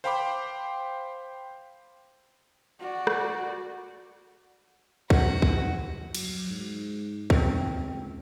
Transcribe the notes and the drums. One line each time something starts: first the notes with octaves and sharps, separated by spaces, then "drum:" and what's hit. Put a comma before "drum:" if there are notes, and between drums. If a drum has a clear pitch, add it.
C5 F5 G5 B5 C6 D6
F#4 D5
drum: rim click
F#4, drum: kick
drum: kick
F#3, drum: cymbal
G#2
D#2 C4, drum: kick
C#2